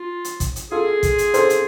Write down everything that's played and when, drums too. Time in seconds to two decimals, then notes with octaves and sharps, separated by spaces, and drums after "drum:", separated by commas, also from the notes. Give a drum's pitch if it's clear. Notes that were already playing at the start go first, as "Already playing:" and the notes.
Already playing: F4
0.25 drum: hi-hat
0.40 drum: kick, hi-hat
0.56 drum: hi-hat
0.71 F4 G#4 A4
1.03 drum: kick, hi-hat
1.18 drum: hi-hat
1.34 A4 C5, drum: hi-hat
1.50 drum: hi-hat